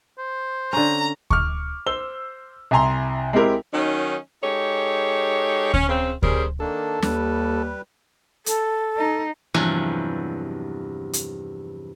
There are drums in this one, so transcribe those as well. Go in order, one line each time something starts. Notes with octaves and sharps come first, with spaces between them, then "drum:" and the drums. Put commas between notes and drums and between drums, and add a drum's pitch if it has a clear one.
C5
D3 C#4 A#5
C#6 D6 F6, drum: kick D2
C5 E6 G7
C2 E5 G#5 A#5 C6
G#3 C4 E4 G4 A#4
D#3 F#3 C#4 D#4
G#3 D#4 G4 A4 C#5
C#4, drum: kick D2
C#3 C4
C#3 G3 G#4 A#4 C5, drum: kick D2
D#3 A#3 D4 A4
D#2 G3 B4, drum: snare
A4, drum: hi-hat
D#4
E2 G2 C3 F3 F#3 G#5
drum: hi-hat